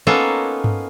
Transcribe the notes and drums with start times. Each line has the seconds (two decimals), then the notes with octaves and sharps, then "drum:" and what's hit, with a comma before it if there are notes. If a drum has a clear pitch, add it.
0.07 A#3 B3 C#4 D#4 F4 A4
0.64 drum: tom G2